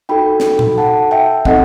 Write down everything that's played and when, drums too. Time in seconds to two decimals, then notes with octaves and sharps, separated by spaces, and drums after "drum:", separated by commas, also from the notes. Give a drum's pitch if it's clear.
0.09 D#4 F#4 A4 G5 B5
0.40 drum: snare
0.59 drum: tom A#2
0.78 F#5 A5
1.11 E5 G5
1.45 C4 D#4 A4 D#5 F#5, drum: kick